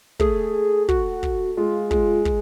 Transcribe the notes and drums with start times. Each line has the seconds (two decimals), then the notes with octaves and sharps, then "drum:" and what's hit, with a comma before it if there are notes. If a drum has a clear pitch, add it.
0.20 A3 G#4, drum: kick
0.88 F#4, drum: kick
1.23 drum: kick
1.57 G#3 F4
1.91 G#3, drum: kick
2.25 drum: kick